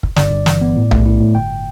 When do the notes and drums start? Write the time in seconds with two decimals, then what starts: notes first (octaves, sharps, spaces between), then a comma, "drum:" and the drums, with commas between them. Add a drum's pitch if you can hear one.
0.03 drum: kick
0.16 G1 D5, drum: snare
0.31 G2
0.46 E3, drum: snare
0.61 B3
0.76 A2
0.91 A3, drum: tom B1
1.06 E4
1.20 A2
1.35 G1 G5